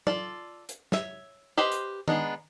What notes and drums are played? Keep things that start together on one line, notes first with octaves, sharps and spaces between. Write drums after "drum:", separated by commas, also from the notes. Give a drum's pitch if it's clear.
F4 A4 D5, drum: tom F#3
drum: hi-hat
C#5 E5, drum: snare
G4 B4 C5 D#5 G5
drum: hi-hat
G#3 B3 D4 D#4, drum: tom D#3